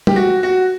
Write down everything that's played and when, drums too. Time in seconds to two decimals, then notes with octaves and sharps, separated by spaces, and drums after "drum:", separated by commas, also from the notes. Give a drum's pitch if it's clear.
0.07 G4, drum: tom
0.16 F#4
0.43 F#4